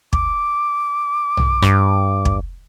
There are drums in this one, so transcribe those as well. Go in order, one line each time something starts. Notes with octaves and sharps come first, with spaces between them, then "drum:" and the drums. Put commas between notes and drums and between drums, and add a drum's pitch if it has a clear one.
D6, drum: kick
drum: tom
G2, drum: rim click
drum: kick